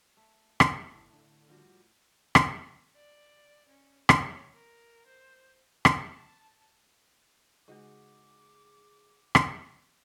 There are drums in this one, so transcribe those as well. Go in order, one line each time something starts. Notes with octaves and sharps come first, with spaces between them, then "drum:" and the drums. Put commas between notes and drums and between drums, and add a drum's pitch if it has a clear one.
A3
drum: rim click
G1 A2 A3
D3
F3 G3 F#4
drum: rim click
D5
C#4
C#5, drum: rim click
A#4
C5
A5, drum: rim click
C#3 G#3 D#4 F#4 G#4 D6
drum: rim click